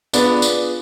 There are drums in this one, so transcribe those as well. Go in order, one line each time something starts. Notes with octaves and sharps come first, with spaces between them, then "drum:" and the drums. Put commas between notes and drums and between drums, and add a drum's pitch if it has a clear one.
B3 D4 F4 G#4 B4, drum: tambourine
drum: tambourine